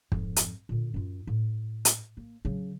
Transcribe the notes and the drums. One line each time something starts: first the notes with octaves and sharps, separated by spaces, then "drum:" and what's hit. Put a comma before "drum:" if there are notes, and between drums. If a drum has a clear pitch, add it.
G#1 F2, drum: kick
drum: hi-hat
A#2 D3
F#2 F4
A2
drum: hi-hat
A#3
C#3 F#3